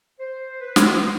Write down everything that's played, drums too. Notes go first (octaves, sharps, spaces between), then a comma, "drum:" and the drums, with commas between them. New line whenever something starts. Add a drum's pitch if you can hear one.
C5
B4
drum: snare
C5